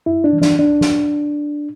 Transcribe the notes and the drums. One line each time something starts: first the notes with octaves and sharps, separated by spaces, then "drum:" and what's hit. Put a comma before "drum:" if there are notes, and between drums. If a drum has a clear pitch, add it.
F#2 E4
D4
E3 G3
D4, drum: snare
C#2 D4
drum: snare